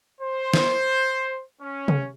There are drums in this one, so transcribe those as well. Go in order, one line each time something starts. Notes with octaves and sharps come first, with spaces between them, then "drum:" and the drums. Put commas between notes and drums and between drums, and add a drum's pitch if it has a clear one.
C5
drum: snare
C#4
drum: tom C3